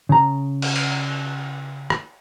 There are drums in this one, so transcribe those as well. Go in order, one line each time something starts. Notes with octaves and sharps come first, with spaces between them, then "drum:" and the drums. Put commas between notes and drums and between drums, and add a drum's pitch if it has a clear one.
C#3 A#5
drum: cymbal
drum: cymbal
drum: rim click